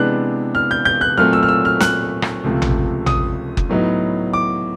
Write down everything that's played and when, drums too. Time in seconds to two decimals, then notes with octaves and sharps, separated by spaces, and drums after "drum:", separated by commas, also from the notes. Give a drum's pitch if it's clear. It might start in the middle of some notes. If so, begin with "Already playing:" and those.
Already playing: C3 E3 G#3 B3 D4 F#6
0.55 F6
0.71 G6
0.85 G6
1.01 F#6
1.18 A#2 F#3 A3 C4 F6
1.33 E6
1.43 F6
1.48 E6
1.65 F6
1.80 F#6, drum: snare
2.22 drum: rim click
2.44 C#2 C3 F3 A3
2.62 drum: tom A1
3.06 D#6, drum: tom A1
3.57 drum: kick F#1
3.70 A2 F#3 B3 D#4
4.33 D6